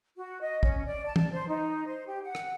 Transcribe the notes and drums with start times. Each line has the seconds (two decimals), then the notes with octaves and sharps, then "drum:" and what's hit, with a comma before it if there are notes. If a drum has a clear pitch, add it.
0.16 F#4
0.41 D#5
0.63 C#4, drum: kick
0.86 D5
1.06 A5
1.16 drum: tom
1.32 C5
1.48 D#4
1.87 C5
2.07 G4
2.25 F#5
2.35 drum: rim click